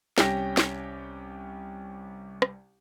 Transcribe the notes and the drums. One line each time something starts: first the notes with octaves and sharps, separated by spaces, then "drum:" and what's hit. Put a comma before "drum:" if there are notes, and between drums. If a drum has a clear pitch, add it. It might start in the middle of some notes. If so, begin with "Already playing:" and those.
C2 C#4 G4 G5 A#6, drum: snare
drum: snare
drum: rim click